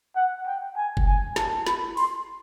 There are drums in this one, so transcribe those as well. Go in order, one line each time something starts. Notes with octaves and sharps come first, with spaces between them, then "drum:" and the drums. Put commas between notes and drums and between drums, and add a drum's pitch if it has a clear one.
F#5
G5
G#5
drum: kick F1
G#5
A5, drum: snare
B5, drum: snare
C6, drum: open hi-hat